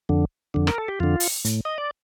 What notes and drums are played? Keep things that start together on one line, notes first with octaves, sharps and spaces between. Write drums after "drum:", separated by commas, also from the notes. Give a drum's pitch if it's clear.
F2 D3
F2 D3
A#4, drum: rim click
A4
G4
F2 D3 F4
drum: open hi-hat
A2, drum: hi-hat
D#5
D5